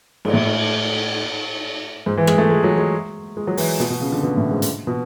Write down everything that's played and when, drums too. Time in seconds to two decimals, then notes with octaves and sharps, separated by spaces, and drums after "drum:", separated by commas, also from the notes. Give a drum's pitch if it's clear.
0.25 G#2, drum: cymbal
0.33 A2
2.06 G#2
2.17 E3
2.27 G#3, drum: rim click
2.38 A3
2.50 G#3
2.64 F#3
2.78 G#3
3.37 G#3
3.47 F#3
3.57 E3, drum: open hi-hat
3.80 B2, drum: snare
3.90 B2
4.01 C#3
4.12 D3
4.23 B2
4.37 A2
4.51 G#2
4.62 drum: hi-hat
4.87 B2